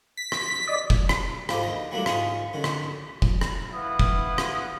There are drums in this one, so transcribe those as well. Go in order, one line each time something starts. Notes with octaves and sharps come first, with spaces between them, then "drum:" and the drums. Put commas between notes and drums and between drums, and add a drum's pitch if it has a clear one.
B6
drum: rim click
D5 D#5
drum: kick
drum: rim click
G#2 F4 G4 A4 C5 G#5, drum: rim click
D#2 D#5
F#3 G3 A3 A#3 D4 E4
G#2 F4 G#4 C#6 D#6, drum: rim click
D3 D#3 C#4
drum: rim click
drum: kick
drum: rim click
E4 B4 F5 F#5 D#6
drum: kick
drum: rim click